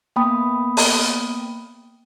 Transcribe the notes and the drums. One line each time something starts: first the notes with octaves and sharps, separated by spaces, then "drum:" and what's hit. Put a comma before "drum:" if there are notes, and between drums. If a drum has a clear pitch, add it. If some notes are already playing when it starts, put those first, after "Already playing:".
A#3 B3 G5 B5 D#6
drum: open hi-hat